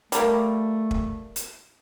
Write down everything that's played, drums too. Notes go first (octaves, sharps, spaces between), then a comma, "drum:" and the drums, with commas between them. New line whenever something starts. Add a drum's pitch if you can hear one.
G3 A3 A#3, drum: hi-hat
drum: kick
drum: hi-hat